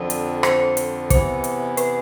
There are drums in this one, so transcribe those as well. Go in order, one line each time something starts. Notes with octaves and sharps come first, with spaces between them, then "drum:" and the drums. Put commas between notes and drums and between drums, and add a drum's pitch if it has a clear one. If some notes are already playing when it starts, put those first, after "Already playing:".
Already playing: F2 D3 F3 D5
drum: hi-hat
C5, drum: rim click
drum: hi-hat
E2 C3 E3 B3 E4 C5, drum: kick, hi-hat
drum: hi-hat
B4, drum: hi-hat